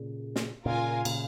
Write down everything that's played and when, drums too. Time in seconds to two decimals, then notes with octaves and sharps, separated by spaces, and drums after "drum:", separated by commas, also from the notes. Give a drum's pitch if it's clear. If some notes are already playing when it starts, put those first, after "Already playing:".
Already playing: A#2 C#3
0.36 drum: snare
0.65 A#2 C#3 F4 A#4 F5 G#5
1.05 A#2 C#3, drum: cymbal